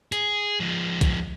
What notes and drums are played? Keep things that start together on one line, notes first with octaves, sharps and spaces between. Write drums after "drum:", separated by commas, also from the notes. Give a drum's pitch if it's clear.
G#4, drum: hi-hat
F3 G#3
drum: kick B1, hi-hat